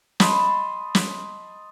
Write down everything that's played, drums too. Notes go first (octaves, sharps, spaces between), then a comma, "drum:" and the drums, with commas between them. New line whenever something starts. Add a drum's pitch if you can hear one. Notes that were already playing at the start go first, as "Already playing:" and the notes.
D#5 A5 B5 C6, drum: snare
drum: snare